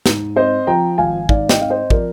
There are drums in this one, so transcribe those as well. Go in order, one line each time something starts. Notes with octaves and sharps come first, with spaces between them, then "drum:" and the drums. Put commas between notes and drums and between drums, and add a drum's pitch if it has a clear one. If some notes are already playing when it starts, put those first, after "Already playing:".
G#2, drum: snare
C4 C5 D#5
F3 G5 A#5
G#1 F5 G#5
G#2 D5 F5, drum: kick
D#5 G5, drum: snare
C4 F5
C5 D#5
F3 A#4 D5, drum: kick